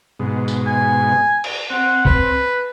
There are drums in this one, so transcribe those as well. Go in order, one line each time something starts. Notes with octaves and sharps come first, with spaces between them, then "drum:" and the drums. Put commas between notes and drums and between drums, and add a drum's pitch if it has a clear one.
G#2 B2
drum: tambourine
G#5
drum: cymbal
C4 F#5
B4, drum: kick C2